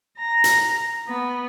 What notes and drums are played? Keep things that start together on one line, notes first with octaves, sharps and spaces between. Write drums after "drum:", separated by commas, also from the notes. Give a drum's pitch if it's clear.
A#5
drum: hi-hat
B3